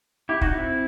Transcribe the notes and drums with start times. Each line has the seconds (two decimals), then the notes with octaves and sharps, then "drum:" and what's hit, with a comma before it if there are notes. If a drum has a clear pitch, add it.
0.29 E4 G4
0.41 D#4 F#4, drum: kick
0.54 C4 E4